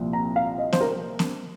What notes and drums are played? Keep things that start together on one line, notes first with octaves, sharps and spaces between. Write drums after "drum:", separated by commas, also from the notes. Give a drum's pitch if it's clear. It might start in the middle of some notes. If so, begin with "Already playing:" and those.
Already playing: C2 A#2 F3
A#5
F5
D#5
C5, drum: snare B3
A#4
drum: snare B3